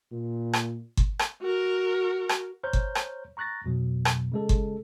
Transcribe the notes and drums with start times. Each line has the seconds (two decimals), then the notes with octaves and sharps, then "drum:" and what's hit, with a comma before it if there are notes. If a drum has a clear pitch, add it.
0.12 A#2
0.53 drum: rim click
0.97 drum: kick G1
1.19 drum: rim click
1.41 F#4 A#4
2.29 drum: rim click
2.63 C5 C#5 A#5 F6 G6
2.73 drum: kick G1
2.95 drum: rim click
3.37 A#5 C#6 F#6 A6 A#6
3.64 F2 B2 F#3
4.05 drum: rim click
4.32 C#3 G#3 A4
4.49 drum: kick G1